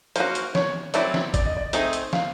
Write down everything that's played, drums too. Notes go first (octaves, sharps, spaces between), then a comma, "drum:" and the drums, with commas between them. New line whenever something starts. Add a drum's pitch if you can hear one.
A#3 C#4 F#4 C5, drum: hi-hat
drum: hi-hat
C#5, drum: snare
F#3 A3 C4 E4 D5, drum: hi-hat
drum: snare
D5, drum: kick, hi-hat
D#5
D5
A3 C4 D#4 G#4 E5, drum: hi-hat
drum: hi-hat
F5, drum: snare